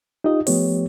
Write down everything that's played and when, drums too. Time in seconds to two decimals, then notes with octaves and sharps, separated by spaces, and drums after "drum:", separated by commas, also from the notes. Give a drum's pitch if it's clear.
0.24 D#4 F4 G4 D#5
0.47 F3 A3 B3 G4 C#5, drum: open hi-hat